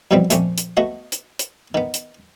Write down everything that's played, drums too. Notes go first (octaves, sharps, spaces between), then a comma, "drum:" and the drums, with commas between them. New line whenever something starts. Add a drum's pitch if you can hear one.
F2 B2 E3 G3 B3 C4
F2 A#2 A3 C4 C#4, drum: hi-hat
drum: hi-hat
A3 B3 F#4 D#5
drum: hi-hat
drum: hi-hat
D#3 B3
drum: hi-hat